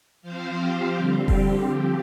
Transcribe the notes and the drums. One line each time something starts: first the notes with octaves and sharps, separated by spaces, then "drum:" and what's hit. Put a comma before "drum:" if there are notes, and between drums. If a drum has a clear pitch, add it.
F3 C4 C5 F5
G4 C5
D3 G3 C4
G4, drum: kick F1
F3 C4 G4